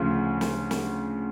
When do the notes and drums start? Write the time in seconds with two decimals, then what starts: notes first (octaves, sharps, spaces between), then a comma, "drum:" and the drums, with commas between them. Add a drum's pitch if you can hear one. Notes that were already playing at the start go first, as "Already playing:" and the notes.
Already playing: D2 C#3 F3
0.41 drum: snare
0.71 drum: snare